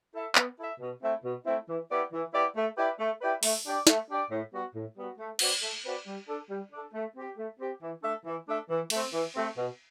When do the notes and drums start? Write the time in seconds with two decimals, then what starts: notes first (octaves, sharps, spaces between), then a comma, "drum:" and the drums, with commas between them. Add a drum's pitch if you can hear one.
0.13 E4 A4 E5
0.35 B3, drum: clap
0.58 E4 A4 E5
0.80 B2
1.01 A3 C4 E4
1.23 B2
1.45 A3 C4 E4
1.67 E3
1.89 B3 E4 G4 D5
2.12 E3
2.33 B3 E4 G4 D5
2.54 A3
2.77 E4 G4 B4 D5
2.99 A3
3.20 E4 G4 B4 D5
3.43 A3, drum: open hi-hat
3.65 D4 G4 D5
3.87 A3, drum: snare
4.09 D4 G4 D5
4.29 A2
4.51 G3 B3 F#4
4.74 A2
4.96 G3 B3 F#4
5.18 A3
5.39 C4 F#4 B4 D5, drum: cymbal
5.61 A3
5.83 C4 F#4 B4 D5
6.06 G3
6.27 D4 A4
6.49 G3
6.71 D4 A4
6.94 A3
7.15 C4 G4
7.37 A3
7.59 C4 G4
7.80 E3
8.02 A3 D4 A4 E5
8.25 E3
8.47 A3 D4 A4 E5
8.69 E3
8.90 A3 C4, drum: cymbal
9.13 E3
9.35 A3 C4
9.56 B2